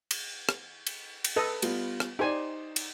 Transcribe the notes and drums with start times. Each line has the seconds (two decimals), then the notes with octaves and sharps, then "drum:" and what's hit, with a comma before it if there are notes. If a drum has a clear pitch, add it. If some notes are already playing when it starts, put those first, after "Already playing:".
0.11 drum: cymbal
0.49 drum: rim click
0.87 drum: cymbal
1.24 drum: cymbal
1.36 A4 B4 D#5
1.62 G3 B3 F4, drum: cymbal
2.00 drum: rim click
2.19 D#4 G4 C5 D5 G#5
2.76 drum: cymbal